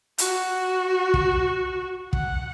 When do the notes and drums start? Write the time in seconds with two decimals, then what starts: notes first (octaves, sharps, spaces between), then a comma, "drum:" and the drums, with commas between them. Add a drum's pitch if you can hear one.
0.18 F#4, drum: hi-hat
1.14 drum: kick
2.13 F#5, drum: kick